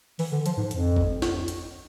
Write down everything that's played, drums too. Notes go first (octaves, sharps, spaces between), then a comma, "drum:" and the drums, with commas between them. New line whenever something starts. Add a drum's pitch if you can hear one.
E3, drum: open hi-hat
D3
F3, drum: hi-hat
G#2
F2, drum: hi-hat
drum: kick G1
drum: snare
drum: hi-hat